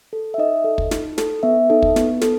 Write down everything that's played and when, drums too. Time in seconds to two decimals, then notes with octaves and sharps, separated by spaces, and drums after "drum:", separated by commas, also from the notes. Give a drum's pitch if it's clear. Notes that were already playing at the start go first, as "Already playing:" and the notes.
0.13 A4
0.34 E5
0.38 D#4 D#5
0.64 A4
0.78 drum: kick
0.91 D#4, drum: snare
1.18 A4, drum: snare
1.43 B3 E5
1.70 D#4 A4
1.82 drum: kick
1.96 B3, drum: snare
2.21 A4, drum: snare